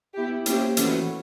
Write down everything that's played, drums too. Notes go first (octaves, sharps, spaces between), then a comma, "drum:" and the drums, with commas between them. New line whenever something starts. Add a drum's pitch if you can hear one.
B3 E4 G4
A#3 C#4 E4 G4 C5, drum: hi-hat
E3 A3 C#4 F#4 B4, drum: hi-hat